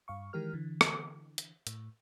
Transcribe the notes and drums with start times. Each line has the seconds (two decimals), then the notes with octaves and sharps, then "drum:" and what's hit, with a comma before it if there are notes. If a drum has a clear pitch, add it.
0.08 G2 F5 C#6
0.33 D#3 E3 G#3 G4 A#4 F6
0.53 D3 E3
0.81 drum: rim click
1.38 drum: hi-hat
1.67 A2, drum: hi-hat